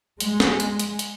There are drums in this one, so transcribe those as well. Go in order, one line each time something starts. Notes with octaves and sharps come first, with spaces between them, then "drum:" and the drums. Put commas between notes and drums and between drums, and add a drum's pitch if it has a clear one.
G#3, drum: hi-hat
drum: snare
drum: hi-hat
drum: hi-hat
drum: hi-hat